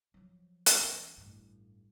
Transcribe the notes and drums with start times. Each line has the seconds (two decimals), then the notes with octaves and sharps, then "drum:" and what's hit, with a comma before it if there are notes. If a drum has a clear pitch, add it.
0.14 F3 F#3
0.66 drum: hi-hat
0.80 E3 C#4
1.17 A1 G2